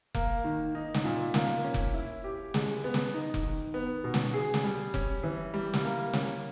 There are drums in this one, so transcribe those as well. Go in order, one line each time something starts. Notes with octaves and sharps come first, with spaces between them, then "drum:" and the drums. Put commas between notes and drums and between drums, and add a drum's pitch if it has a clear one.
A#3, drum: kick F1
D#3
D#4
drum: snare
A#2
A#3, drum: snare
C#4
drum: kick F1
E4
G4
G#3, drum: snare
B3
drum: snare
D#4
drum: kick F1
D#3
B3
B2
drum: snare
G#4
drum: snare
G3
C#4, drum: kick F1
E3
G3
drum: snare
A#3
C#4, drum: snare